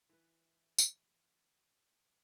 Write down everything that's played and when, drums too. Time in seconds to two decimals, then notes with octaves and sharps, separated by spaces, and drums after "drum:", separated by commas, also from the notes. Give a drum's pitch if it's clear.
0.09 E3 B4
0.78 drum: tambourine